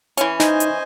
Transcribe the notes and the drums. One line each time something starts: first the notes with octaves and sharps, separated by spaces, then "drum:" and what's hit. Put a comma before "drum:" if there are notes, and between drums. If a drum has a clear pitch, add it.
E3 C#4, drum: hi-hat
D#4 C5 D#5 G#5, drum: snare
drum: hi-hat